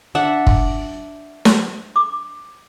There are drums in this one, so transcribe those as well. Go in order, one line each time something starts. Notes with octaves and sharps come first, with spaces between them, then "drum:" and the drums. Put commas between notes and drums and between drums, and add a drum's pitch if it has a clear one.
D4 E5 F#5
drum: kick
drum: snare
D6